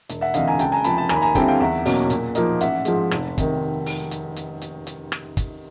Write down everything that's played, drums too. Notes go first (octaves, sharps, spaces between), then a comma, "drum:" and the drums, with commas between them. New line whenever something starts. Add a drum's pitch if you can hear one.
E1, drum: hi-hat
E5 F#5
D2 C3 E3 D#5 F5, drum: hi-hat
G#5 A#5
C#2 G5 A5, drum: hi-hat
G#5 A#5
C3 F3 A5 B5, drum: hi-hat
A5 B5
D#2 G#5 A#5, drum: rim click
B5
G#5 A#5
D3 G3 C4 E4 G5 A5, drum: kick, hi-hat
F5 G5
E2 E5 F#5
B2 F#3 A#3 C#4, drum: open hi-hat
A#2, drum: hi-hat
F3 A#3 D#4, drum: hi-hat
A1 E5 F#5, drum: hi-hat
G#2 F3 G#3, drum: hi-hat
F1, drum: rim click
C3 D#3, drum: kick, hi-hat
drum: open hi-hat
drum: hi-hat
drum: hi-hat
drum: hi-hat
drum: hi-hat
drum: rim click
drum: kick, hi-hat